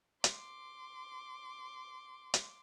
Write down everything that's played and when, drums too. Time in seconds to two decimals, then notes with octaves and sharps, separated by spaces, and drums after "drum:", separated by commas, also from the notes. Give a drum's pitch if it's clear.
0.24 C6 D6, drum: hi-hat
2.34 drum: hi-hat